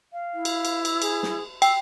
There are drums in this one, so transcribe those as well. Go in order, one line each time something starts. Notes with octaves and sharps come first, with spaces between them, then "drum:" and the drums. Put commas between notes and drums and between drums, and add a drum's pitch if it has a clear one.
F5
E4
drum: cymbal
drum: cymbal
E6, drum: cymbal
G#4, drum: cymbal
drum: snare
G5 E6, drum: cymbal